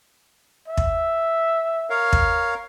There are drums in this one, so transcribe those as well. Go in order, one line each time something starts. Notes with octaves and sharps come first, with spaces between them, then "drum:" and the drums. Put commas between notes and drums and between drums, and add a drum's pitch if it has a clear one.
E5
drum: kick
A#4 C#5 F5
drum: kick